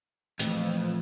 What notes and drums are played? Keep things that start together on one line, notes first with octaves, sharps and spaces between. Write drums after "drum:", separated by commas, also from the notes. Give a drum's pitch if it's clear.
F2 A#2 E3 A3, drum: hi-hat